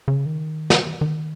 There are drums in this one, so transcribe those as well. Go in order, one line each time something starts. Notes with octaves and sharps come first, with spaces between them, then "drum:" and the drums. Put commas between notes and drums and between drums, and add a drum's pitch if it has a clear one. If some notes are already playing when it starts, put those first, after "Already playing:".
C#3
D#3
drum: snare
D#3